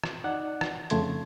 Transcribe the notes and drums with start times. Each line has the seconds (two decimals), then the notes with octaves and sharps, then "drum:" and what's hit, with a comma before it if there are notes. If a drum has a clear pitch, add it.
0.04 drum: rim click
0.24 D#4 D5 F#5 F#6
0.61 drum: rim click
0.90 F2 C#3 A3 C6 G#6, drum: hi-hat